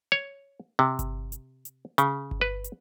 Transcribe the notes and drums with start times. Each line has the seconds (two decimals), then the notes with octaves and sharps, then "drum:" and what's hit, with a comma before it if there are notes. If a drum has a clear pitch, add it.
0.12 C#5
0.79 C3
0.99 drum: kick G1, hi-hat
1.32 drum: hi-hat
1.65 drum: hi-hat
1.98 C#3, drum: hi-hat
2.31 drum: kick G1
2.41 B4
2.64 drum: hi-hat